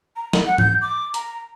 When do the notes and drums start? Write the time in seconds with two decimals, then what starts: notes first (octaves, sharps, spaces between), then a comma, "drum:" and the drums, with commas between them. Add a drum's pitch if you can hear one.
0.16 A#5
0.33 drum: snare
0.46 F#5
0.58 G6, drum: tom
0.82 D6
1.14 A#5, drum: hi-hat